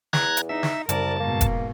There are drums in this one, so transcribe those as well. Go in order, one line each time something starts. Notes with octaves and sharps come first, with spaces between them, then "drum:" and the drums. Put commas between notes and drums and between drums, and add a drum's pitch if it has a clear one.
E2 A#5 F#6 G#6, drum: snare
drum: hi-hat
D#4 E5
drum: snare
C2 F#2 C#3 G3 A#4 D5 A5, drum: hi-hat
G#2 B2 A#3
drum: kick E1, hi-hat